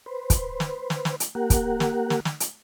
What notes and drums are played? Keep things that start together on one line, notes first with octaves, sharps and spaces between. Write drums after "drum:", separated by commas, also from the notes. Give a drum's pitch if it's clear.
B4 C5
drum: kick, hi-hat
drum: snare
drum: snare
drum: snare
drum: hi-hat
A#3 G4 A#4 F#5
drum: kick, hi-hat
drum: snare
drum: snare
drum: snare
drum: hi-hat